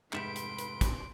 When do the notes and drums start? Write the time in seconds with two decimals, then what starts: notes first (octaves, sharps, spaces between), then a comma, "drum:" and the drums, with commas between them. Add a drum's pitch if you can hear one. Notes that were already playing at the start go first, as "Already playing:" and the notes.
0.13 F1 G#2 G4 B4 E5 F#5 C6 D7, drum: clap
0.36 drum: hi-hat
0.58 drum: hi-hat
0.81 drum: kick, hi-hat